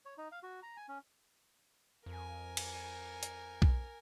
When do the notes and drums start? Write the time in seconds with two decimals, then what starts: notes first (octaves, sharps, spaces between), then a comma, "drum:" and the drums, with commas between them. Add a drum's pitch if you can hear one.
0.05 C#5
0.18 D#4
0.32 F5
0.43 F#4
0.63 A#5
0.77 G#5
0.88 C#4
2.06 F2 A#4 G#5
2.57 drum: cymbal
3.23 drum: hi-hat
3.62 drum: kick B1